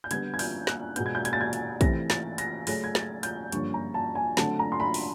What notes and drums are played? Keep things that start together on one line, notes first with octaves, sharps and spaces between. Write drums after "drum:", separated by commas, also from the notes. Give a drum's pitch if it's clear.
G6
D3 G3 B3 G#6, drum: hi-hat
G#6
G6, drum: open hi-hat
F#6, drum: snare
B2 G#3 B3 G6, drum: hi-hat
G#6
G6
G#6, drum: hi-hat
A6
G#6
drum: hi-hat
C3 E3 A3 C4 A#6, drum: kick, hi-hat
A6, drum: snare
A#6, drum: hi-hat
C#3 F#3 A3 C#4 A#6, drum: open hi-hat
G#6
A6, drum: snare
G6, drum: hi-hat
G2 D3 F3 A#3 C#4 C#6, drum: hi-hat
A#5
A5
G#5
D3 F#3 A3 C4 A5, drum: snare
A#5
C6
B5
drum: open hi-hat